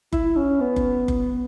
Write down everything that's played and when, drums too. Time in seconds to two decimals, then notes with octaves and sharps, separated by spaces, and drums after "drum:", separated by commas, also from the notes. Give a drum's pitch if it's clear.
0.13 E4, drum: kick F#1
0.37 C#4
0.60 B3
0.76 drum: kick F#1
1.08 drum: kick F#1